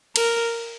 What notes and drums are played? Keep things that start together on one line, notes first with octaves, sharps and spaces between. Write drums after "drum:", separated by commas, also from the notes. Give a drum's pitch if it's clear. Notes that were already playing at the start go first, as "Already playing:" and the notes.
A#4, drum: cymbal